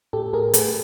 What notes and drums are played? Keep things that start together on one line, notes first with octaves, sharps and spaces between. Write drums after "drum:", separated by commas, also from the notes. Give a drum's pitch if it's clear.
A2 G4 A4
A2 G#4 A#4
A3 A4 B4, drum: hi-hat